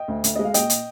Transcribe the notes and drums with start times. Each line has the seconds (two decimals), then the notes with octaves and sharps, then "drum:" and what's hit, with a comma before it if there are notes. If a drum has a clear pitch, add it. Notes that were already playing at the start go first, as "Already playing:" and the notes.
Already playing: D#5 G5
0.08 D2
0.24 D2, drum: hi-hat
0.36 G#3 D#5
0.45 F5
0.54 A#2 D#5 G5, drum: hi-hat
0.70 drum: hi-hat